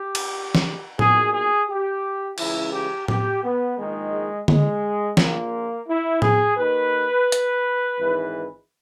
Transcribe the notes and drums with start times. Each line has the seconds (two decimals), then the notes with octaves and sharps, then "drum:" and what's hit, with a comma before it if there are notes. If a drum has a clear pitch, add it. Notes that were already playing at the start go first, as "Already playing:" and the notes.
Already playing: G4
0.15 drum: cymbal
0.55 drum: snare
0.99 B1 A#2 G#4, drum: tom A2
1.34 G#4
1.68 G4
2.38 C#2 C#3 E3 E4, drum: cymbal
2.73 G4
3.08 G4, drum: tom A2
3.43 B3
3.77 A#1 G#2 D#3 G#3
4.48 G#3, drum: tom D3
5.17 A#1 A#2 A#3, drum: snare
5.88 E4
6.22 G#4, drum: tom A2
6.57 D#2 D#3 B4
7.32 drum: hi-hat
7.97 G#1 G#2 E3